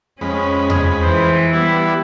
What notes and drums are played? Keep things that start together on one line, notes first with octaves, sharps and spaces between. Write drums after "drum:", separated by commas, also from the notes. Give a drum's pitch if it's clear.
F2 G#3 C#4 B5
G#4, drum: tom E2
E3 C5
G3 B3 E4